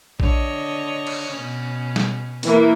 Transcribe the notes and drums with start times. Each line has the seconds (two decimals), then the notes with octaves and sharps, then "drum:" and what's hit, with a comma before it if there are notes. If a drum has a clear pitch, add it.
0.20 D3 C#5 D#5, drum: kick A#1
1.07 drum: cymbal
1.33 B2 C#4
1.96 drum: snare
2.43 E3 A#3, drum: hi-hat